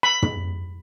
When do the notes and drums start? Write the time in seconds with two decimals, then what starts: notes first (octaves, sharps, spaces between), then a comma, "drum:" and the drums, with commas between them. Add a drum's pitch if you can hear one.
0.03 B5
0.22 drum: tom